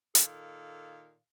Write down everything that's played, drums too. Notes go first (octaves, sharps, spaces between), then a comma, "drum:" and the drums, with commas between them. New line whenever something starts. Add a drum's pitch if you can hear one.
A#2 D#3 A4 F5, drum: hi-hat